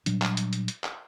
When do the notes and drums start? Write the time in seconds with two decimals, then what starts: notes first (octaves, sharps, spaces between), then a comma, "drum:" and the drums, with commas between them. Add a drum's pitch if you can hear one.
0.06 A#2 F#3 G3 D4, drum: hi-hat
0.22 drum: clap
0.37 drum: hi-hat
0.53 drum: hi-hat
0.68 drum: hi-hat
0.84 drum: clap